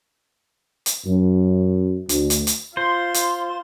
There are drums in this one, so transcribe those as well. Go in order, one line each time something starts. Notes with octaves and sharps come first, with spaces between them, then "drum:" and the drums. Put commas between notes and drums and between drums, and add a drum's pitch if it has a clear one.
drum: hi-hat
F#2
D2, drum: hi-hat
drum: hi-hat
drum: hi-hat
F4 C5 C6
drum: hi-hat